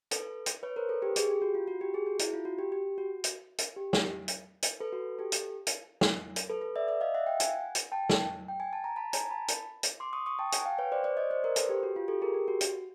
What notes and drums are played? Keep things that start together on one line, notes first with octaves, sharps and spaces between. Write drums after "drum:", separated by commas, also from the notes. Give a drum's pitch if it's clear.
A4 B4, drum: hi-hat
drum: hi-hat
B4 C#5
A#4 C5
A4 B4
G4 A4
G#4, drum: hi-hat
G4
F#4
F4
F#4
G4
G#4
F#4
E4, drum: hi-hat
F4
F#4
G4
G4
F#4
drum: hi-hat
drum: hi-hat
G4
drum: snare
drum: hi-hat
drum: hi-hat
A4 B4
F#4
G4 A4
drum: hi-hat
drum: hi-hat
drum: snare
drum: hi-hat
A4 B4
A4 B4
D5 E5
D5 E5
D#5 F5
E5 F#5
F5 G5
F#5 G#5, drum: hi-hat
drum: hi-hat
G5 A5
drum: snare
G5
G#5
A5
A#5
A5 B5
G#5 A#5, drum: hi-hat
A5 B5
drum: hi-hat
drum: hi-hat
C6 D6
C#6 D#6
C#6 D#6
G5 A5
F#5 G#5, drum: hi-hat
F5 G5
B4 C#5
C5 D5
C5 D5
C#5 D#5
C5 D5
A#4 C5
A4 B4, drum: hi-hat
G4
F#4
F4
G4 A4
G#4 A#4
G4
F#4
drum: hi-hat